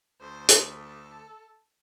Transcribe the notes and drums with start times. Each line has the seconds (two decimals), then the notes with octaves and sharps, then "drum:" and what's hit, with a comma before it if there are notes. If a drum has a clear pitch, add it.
0.21 D2 C5
0.49 drum: hi-hat
0.78 A4